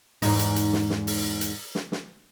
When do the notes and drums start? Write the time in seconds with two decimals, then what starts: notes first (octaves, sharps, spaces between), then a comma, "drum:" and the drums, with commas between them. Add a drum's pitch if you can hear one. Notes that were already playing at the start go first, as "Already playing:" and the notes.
0.22 E2 G#2 D#4, drum: open hi-hat
0.39 drum: hi-hat
0.56 drum: hi-hat
0.73 drum: snare
0.90 drum: snare
1.07 drum: open hi-hat
1.41 drum: hi-hat
1.75 drum: snare
1.92 drum: snare